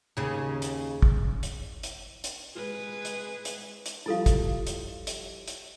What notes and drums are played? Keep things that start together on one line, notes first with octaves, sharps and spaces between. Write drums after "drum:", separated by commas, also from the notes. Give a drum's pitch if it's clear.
D#2 C#3
drum: hi-hat
drum: kick
drum: hi-hat
drum: hi-hat
drum: hi-hat
G#3 G#4 B4
drum: hi-hat
drum: hi-hat
drum: hi-hat
F3 G3 E4 A4 F5
drum: kick, hi-hat
drum: hi-hat
drum: hi-hat
drum: hi-hat